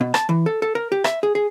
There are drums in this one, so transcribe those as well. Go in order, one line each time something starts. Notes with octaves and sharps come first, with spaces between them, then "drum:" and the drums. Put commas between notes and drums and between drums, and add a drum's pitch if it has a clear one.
B2
A5, drum: rim click
E3
A4
A4
A#4
G4
E5, drum: rim click
G#4
G#4